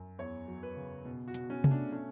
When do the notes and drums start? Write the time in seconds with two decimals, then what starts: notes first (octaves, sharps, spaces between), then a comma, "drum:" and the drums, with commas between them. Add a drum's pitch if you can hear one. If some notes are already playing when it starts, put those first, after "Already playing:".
Already playing: F#2
0.18 E2 C#5
0.48 F#3
0.63 B4
0.77 C#3
1.05 B2
1.28 F#4
1.34 B2, drum: hi-hat
1.50 C#4
1.64 A3, drum: tom C3
1.71 D4
1.92 A3 C#4